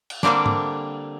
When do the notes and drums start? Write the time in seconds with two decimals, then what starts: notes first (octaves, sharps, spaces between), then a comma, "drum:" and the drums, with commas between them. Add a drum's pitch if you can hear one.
0.10 drum: cymbal
0.23 D3 G3 A#3 C4 D4, drum: snare
0.46 drum: tom G#2